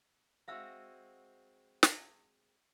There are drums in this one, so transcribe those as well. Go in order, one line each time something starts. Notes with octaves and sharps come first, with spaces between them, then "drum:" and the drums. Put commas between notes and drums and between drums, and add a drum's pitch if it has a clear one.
G#3 C4 F#4 E5 F5 E6
drum: snare